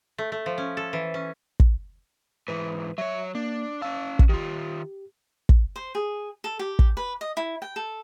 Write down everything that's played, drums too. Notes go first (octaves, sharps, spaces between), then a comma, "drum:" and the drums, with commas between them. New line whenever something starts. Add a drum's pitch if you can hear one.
A3
A3
F3
C#4
A4
E3
C#4
drum: kick
G#2 E3 B4
F#3 C#5 E5
A#3 D4
C#4 F5 A5 E6
drum: kick
D#3 F4 G4
drum: kick
C5
G#4
A4
G4
drum: kick
B4
D#5
E4
G5
A4